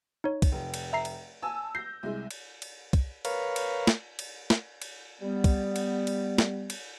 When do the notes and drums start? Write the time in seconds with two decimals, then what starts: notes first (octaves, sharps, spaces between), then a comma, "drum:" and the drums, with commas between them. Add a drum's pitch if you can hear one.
0.24 D#4 C#5
0.42 drum: kick, cymbal
0.52 F1
0.74 drum: cymbal
0.93 E5 A#5 C7
1.05 drum: cymbal
1.43 G#5 A5 E6
1.75 G6 A#6 C7
2.03 C2 G#3
2.31 drum: cymbal
2.62 drum: cymbal
2.93 drum: kick, cymbal
3.25 A#4 B4 C#5 F5, drum: cymbal
3.56 drum: cymbal
3.87 drum: snare
4.19 drum: cymbal
4.50 drum: snare
4.82 drum: cymbal
5.21 G3 B3
5.44 drum: kick, cymbal
5.76 drum: cymbal
6.07 drum: cymbal
6.38 drum: snare
6.70 drum: cymbal